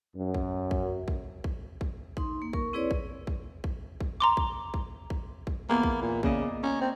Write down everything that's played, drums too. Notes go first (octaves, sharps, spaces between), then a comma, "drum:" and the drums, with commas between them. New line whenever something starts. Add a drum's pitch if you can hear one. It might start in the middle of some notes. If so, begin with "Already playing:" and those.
F#2
drum: kick
drum: kick
drum: kick
drum: kick
drum: kick
D#4 C6, drum: kick
A#3
A#4 C#6, drum: kick
C4 E4 G#4 B4 C#5 D5
drum: kick
drum: kick
drum: kick
drum: kick
A#5 C6 D6
drum: kick
drum: kick
drum: kick
drum: kick
E3 A#3 B3 G#4
drum: kick
A#2
C#3 A#3 D5 D#5, drum: kick
C#4 A#5
C4